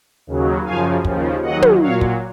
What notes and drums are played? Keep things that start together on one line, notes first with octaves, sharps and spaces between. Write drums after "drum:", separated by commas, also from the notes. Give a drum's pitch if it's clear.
D#2 C#3 F#3
F#2 C#3 F3 F5 G#5
D#2 C#3 F3, drum: kick
D#2 D#3 F#3 D#5 F#5
drum: tom
A#2 F#3 C#5 F5
drum: kick